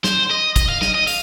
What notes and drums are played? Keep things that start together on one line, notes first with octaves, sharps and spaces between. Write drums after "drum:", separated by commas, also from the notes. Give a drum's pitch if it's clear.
C5, drum: snare
D#5
D#5, drum: kick, hi-hat
F5
D#5, drum: snare
D#5
F5, drum: open hi-hat